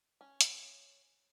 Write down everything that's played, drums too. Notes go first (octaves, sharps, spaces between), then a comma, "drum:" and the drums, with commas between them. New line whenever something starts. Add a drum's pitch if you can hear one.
C#4
drum: hi-hat